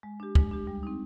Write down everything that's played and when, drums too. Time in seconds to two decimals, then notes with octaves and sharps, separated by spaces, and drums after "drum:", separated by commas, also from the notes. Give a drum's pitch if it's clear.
0.03 G#3
0.20 D4 G4
0.35 G#3, drum: kick
0.51 D4 G4
0.67 G3
0.83 C4 D#4